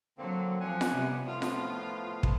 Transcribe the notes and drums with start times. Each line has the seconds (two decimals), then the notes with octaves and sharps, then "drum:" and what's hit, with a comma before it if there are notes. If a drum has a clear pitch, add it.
0.18 D3 F#3 A#3 C4
0.60 F3 F#5 G#5
0.81 drum: snare F4
0.93 C3 G3 B3
1.27 A2 F3 B3 F4
1.42 drum: snare F4
2.23 drum: kick